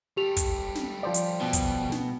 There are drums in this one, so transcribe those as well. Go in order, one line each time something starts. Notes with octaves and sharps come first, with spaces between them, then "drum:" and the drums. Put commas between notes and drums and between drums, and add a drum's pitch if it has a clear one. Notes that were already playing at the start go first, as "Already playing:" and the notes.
G3 G4 A4 F7
drum: kick, hi-hat
drum: snare
F3 C5 D5
drum: hi-hat
B2
drum: kick, hi-hat
drum: snare